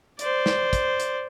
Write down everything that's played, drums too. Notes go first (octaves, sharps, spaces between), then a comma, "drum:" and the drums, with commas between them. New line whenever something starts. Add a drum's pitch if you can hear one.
C5 D5, drum: hi-hat
drum: snare
drum: kick, hi-hat
drum: hi-hat